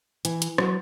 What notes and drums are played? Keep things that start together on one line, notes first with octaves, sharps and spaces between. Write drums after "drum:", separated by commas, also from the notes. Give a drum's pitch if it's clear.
E3, drum: hi-hat
drum: hi-hat
F#3, drum: rim click